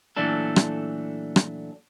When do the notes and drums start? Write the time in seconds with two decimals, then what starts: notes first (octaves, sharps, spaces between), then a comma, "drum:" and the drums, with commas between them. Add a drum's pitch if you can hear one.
0.16 A#2 E3 F#3 A3 D4 A4
0.56 drum: rim click
1.36 drum: rim click